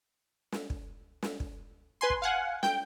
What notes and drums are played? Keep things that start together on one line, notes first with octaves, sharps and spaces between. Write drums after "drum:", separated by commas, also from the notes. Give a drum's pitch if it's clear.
drum: snare
drum: kick
drum: snare
drum: kick
B4 G#5 C6
drum: kick
F5 F#5 G#5
G5 G6, drum: snare